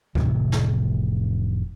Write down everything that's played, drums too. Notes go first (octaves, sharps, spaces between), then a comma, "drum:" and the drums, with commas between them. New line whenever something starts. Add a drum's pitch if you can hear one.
F1 A2 C3 E3, drum: kick D2
drum: snare